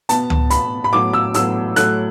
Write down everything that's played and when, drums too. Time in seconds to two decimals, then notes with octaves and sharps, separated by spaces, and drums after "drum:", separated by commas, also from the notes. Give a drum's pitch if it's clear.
0.09 B2 B3 A5, drum: hi-hat
0.30 drum: tom C#2
0.50 B2 B3 B5, drum: hi-hat
0.84 B5
0.93 A2 F#3 B3 D6
1.13 E6
1.34 A2 F#3 B3 E6, drum: hi-hat
1.76 A2 F#3 A3 F#6, drum: hi-hat